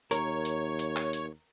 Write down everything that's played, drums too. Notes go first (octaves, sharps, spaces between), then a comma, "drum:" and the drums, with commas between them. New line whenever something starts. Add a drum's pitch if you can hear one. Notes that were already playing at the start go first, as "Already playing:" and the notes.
D#2 A#4 C#5, drum: hi-hat
drum: hi-hat
drum: hi-hat
drum: clap
drum: hi-hat